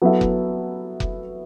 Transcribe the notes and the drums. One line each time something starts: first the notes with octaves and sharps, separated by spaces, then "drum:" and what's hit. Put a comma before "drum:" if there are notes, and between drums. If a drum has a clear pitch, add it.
F#3 B3 E4 A4 E5
drum: kick F1
drum: kick F1